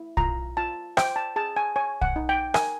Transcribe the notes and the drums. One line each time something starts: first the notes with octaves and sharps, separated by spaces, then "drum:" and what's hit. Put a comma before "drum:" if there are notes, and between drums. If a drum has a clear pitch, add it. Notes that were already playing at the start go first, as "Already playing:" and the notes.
Already playing: E4
F4 A#5, drum: kick
F4 A5
C5 G5, drum: rim click
A5
G#4 A5
G#5
C#5 G#5
F#5, drum: kick
D#4
G5
A#4 G#5, drum: rim click